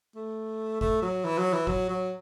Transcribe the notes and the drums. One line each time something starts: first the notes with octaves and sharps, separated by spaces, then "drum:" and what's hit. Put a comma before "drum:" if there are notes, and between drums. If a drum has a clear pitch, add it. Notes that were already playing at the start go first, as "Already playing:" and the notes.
A3
A3, drum: kick G1
F#3
E3
F#3
E3
F#3, drum: kick G1
F#3